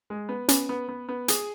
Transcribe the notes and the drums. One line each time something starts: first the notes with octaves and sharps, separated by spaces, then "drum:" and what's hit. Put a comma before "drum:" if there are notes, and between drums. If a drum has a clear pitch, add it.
G#3
B3
B3 C#4, drum: hi-hat
B3
B3
B3
G#4, drum: hi-hat